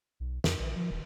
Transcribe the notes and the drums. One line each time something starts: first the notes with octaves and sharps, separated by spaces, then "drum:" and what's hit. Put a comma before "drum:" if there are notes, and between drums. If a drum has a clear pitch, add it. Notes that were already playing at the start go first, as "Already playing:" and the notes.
B1
F2, drum: snare
A#1
F3
D#1